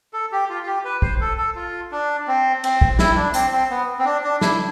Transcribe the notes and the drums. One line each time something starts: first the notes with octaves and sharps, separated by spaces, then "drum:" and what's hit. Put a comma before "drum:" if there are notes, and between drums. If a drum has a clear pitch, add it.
A4
G4
F4
F4
G4
B4
C5, drum: kick
A4
A4
F4
D4
C4
C4, drum: cymbal
drum: kick
E4, drum: snare
D4
C4, drum: hi-hat
C4
B3
C4
D4
D4
E4, drum: snare